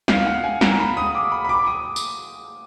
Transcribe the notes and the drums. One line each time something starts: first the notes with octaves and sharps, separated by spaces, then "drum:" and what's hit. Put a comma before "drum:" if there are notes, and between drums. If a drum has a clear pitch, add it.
F5, drum: snare
F#5
G#5
A#5, drum: snare
B5
D#6
D6
B5
B5
D6
D#6
drum: tambourine